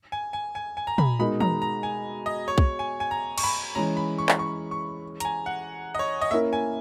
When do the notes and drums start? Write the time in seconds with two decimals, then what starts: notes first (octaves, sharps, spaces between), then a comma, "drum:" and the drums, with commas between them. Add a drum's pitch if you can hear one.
0.12 G#5
0.33 G#5
0.55 G#5
0.77 G#5
0.87 A#5
0.98 B5, drum: tom
1.19 B2 G#3 D#4 A#4 B5
1.40 A#5, drum: tom
1.62 A#5
1.83 G#5
2.26 D#5
2.48 C#5
2.58 drum: kick B1
2.79 G#5
3.00 G#5
3.11 A#5
3.38 C#6, drum: cymbal
3.44 B5
3.75 E3 G#3 C#4 A#5
3.97 B5
4.18 C#6
4.29 drum: clap
4.39 C#6
4.71 C#6
5.20 A#5, drum: hi-hat
5.25 G#5
5.46 F#5
5.95 D#5
5.99 C#5
6.21 D#5
6.31 A#3 C#4 E4 A#4 E5
6.53 G#5